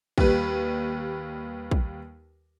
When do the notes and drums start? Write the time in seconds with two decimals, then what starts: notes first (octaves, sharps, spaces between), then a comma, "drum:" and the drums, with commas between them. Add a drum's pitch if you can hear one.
0.18 D#2 G3 B4, drum: kick
1.71 drum: kick